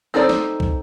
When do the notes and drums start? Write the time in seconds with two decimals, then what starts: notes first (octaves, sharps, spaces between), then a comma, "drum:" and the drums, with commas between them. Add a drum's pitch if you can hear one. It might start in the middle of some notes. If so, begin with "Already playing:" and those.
0.14 C4 D#4 A4 C5 D5
0.29 drum: snare
0.60 drum: kick